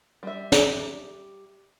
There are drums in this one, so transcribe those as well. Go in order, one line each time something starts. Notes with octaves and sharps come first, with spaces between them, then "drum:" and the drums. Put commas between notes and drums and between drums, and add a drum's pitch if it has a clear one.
G3 E5
drum: snare